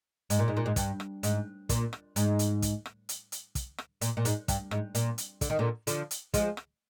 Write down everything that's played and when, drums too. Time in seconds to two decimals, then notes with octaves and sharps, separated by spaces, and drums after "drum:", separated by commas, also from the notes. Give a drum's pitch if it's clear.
0.30 G#2, drum: hi-hat
0.39 A#2
0.48 G#2
0.57 A#2
0.66 G#2
0.76 G2, drum: kick, hi-hat
1.00 drum: rim click
1.23 G#2, drum: hi-hat
1.69 A#2, drum: kick, hi-hat
1.93 drum: rim click
2.16 G#2, drum: hi-hat
2.39 drum: hi-hat
2.62 drum: kick, hi-hat
2.86 drum: rim click
3.09 drum: hi-hat
3.32 drum: hi-hat
3.55 drum: kick, hi-hat
3.78 drum: rim click
4.01 A#2, drum: hi-hat
4.17 A#2
4.25 G#2, drum: hi-hat
4.48 G2, drum: kick, hi-hat
4.71 G#2, drum: rim click
4.95 A#2, drum: hi-hat
5.18 drum: hi-hat
5.41 D3, drum: kick, hi-hat
5.50 D#3
5.59 A#2 D3
5.87 D3 F3, drum: hi-hat
6.11 drum: hi-hat
6.34 F3 G#3, drum: kick, hi-hat
6.57 drum: rim click